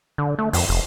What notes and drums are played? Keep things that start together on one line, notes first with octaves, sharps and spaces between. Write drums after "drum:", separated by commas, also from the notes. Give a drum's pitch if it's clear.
D3
A3
F2, drum: open hi-hat
F1